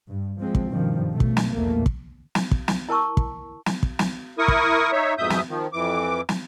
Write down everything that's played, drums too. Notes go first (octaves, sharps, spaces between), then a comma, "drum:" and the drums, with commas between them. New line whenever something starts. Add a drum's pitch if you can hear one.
G2
F3 G#3 C4
drum: kick
G2 B2 D#3 F3
B2 A3
drum: kick
drum: snare
A#1 E2 A3 A#3
drum: kick
drum: snare
drum: kick
drum: snare
E4 A#4 A5 C#6 E6
drum: kick
drum: snare
drum: kick
drum: snare
E4 A#4 C#6 D#6
drum: kick
D#4 C#5 E5
F2 G#2 B2 E5 D#6 G6
drum: snare
D#3 F3
F2 E3 D6
drum: snare